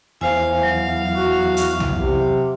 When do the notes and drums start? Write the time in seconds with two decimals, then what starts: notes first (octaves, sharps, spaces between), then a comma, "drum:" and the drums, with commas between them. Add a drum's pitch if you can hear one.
0.21 E2 C5 F5 G#5
0.63 F#3
1.16 F#4
1.57 drum: hi-hat
1.80 drum: tom B1
1.98 C3